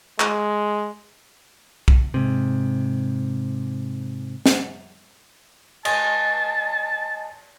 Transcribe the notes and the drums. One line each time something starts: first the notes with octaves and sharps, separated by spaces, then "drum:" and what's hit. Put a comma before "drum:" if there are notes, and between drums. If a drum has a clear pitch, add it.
G#3, drum: clap
drum: kick
G#2 C3
drum: snare
D#5 G#5 A5, drum: cymbal